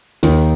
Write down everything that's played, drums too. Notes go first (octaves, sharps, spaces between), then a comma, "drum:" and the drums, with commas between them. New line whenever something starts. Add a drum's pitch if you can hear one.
D#2 D#3, drum: hi-hat